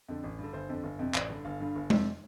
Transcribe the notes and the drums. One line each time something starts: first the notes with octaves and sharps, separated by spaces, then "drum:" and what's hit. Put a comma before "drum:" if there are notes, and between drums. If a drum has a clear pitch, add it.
F2 D3
A1
G2 D3
G1 C5
F2 D3
G1
F2 C3
A1 D5, drum: clap
G2 D3
G1 F5
G2 D3
G1
F2 C3, drum: tom G#3